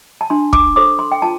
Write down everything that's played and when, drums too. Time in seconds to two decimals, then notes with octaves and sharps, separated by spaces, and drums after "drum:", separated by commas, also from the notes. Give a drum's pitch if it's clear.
0.21 A5
0.30 D4 C6
0.53 D6, drum: kick
0.76 A4 C5 D6
0.99 C6
1.12 G5
1.22 F4 A5